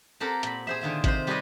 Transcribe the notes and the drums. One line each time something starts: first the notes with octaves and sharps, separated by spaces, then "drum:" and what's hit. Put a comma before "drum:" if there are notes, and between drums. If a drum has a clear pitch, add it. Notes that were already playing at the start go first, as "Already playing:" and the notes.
C4 G4 A4 A#4 F#5
A#2 B5, drum: hi-hat
G#4 C5 E5
D3 D#3 F4 E5
C3 C5, drum: kick, hi-hat
G3 G4 G#4 B4 D5 D#5